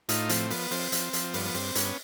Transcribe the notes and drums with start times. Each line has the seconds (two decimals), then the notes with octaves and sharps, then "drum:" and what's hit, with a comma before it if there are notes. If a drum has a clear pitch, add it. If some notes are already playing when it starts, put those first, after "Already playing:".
0.09 A2 D#4 F4, drum: hi-hat
0.29 F3 C4, drum: hi-hat
0.50 F3 B3, drum: open hi-hat
0.71 F3 C4, drum: open hi-hat
0.92 F3, drum: hi-hat
1.13 F3, drum: hi-hat
1.34 G2 B3, drum: open hi-hat
1.46 B3
1.54 G2 C4, drum: open hi-hat
1.75 G2 B3 C#4, drum: hi-hat